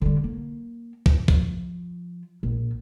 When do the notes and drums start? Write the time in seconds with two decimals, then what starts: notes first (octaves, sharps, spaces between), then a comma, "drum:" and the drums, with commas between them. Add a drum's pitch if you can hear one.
0.01 D3 G3
0.24 A#3
1.06 drum: kick
1.28 F3, drum: kick
2.43 A#1